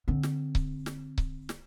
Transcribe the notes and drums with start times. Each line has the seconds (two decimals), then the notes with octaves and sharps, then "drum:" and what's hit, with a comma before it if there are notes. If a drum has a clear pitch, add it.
0.08 D3 C4
0.23 drum: snare
0.55 drum: kick C#1
0.86 drum: snare
1.18 drum: kick C#1
1.49 drum: snare